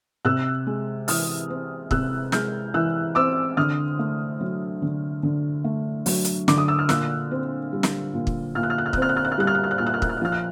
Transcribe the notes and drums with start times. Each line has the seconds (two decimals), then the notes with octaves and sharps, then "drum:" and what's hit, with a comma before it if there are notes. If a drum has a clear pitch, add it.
0.25 C3 E6 F#6
0.67 G#3
1.08 E3 D#6 F6, drum: open hi-hat
1.50 C4
1.91 C3 E6 F#6, drum: kick
2.32 G#3 F6 G6, drum: snare
2.74 E3 E6 F#6
3.15 C4 D6 E6
3.57 D3 D#6 F6
3.99 A3
4.40 F#3
4.82 D3
5.23 D3
5.64 A3
6.06 F#3, drum: open hi-hat
6.24 drum: hi-hat
6.48 D3 D6, drum: snare
6.58 D#6
6.68 E6
6.79 F6
6.89 A#2 E6 F#6, drum: snare
7.31 C4
7.73 G3
7.83 drum: snare
8.13 A#2
8.27 drum: kick
8.55 A#2 F6
8.63 F#6
8.70 F6
8.78 F#6
8.86 F6
8.93 F#6, drum: kick
8.97 C4 F6
9.09 F#6
9.17 F6
9.25 F#6
9.32 F6
9.38 G3 F#6
9.47 F6
9.55 F#6
9.64 F6
9.71 F#6
9.78 A#2 F6
9.86 F#6
9.94 F6
10.02 F#6, drum: kick
10.09 F6
10.17 F#6
10.22 F3 F6
10.32 F#6